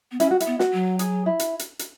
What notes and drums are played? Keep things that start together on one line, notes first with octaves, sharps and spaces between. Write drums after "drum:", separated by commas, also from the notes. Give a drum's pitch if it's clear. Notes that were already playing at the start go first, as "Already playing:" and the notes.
B3
C#4 E4, drum: hi-hat
F#4
E4, drum: hi-hat
B3
F#4, drum: snare
F#3
G#4, drum: hi-hat
E4
drum: hi-hat
drum: hi-hat
drum: hi-hat